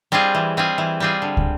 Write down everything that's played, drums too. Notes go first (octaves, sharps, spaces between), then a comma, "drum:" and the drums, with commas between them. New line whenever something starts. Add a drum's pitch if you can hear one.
G3 C4 F4 G#4
E3
G3 C4 F4 G#4
E3
G3 C4 F4 G#4
D3
drum: kick